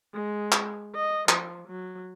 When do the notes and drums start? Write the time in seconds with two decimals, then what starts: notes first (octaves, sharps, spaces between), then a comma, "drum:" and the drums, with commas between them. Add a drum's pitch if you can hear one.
0.14 G#3
0.52 drum: clap
0.95 D#5
1.29 F3, drum: clap
1.68 F#3